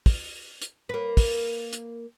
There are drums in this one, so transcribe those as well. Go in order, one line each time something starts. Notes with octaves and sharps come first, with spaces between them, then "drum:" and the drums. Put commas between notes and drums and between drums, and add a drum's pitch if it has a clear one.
drum: kick, open hi-hat
drum: hi-hat
A#3 B4
drum: kick, open hi-hat
drum: hi-hat